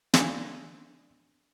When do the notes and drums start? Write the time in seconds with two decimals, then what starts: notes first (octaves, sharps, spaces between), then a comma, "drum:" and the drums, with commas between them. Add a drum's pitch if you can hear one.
0.14 D4 D5 F5 G#5, drum: snare